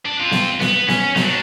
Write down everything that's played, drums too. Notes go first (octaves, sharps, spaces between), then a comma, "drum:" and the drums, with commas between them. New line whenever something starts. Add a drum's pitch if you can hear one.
D4
C4 F4
drum: snare B3
B3, drum: snare B3
C#4, drum: snare B3
F#3 D4, drum: snare B3